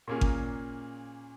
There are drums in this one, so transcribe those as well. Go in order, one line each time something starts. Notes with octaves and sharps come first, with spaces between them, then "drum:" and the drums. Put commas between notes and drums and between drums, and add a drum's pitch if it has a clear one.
A#2 A#3 C#4 G#4
drum: kick G#1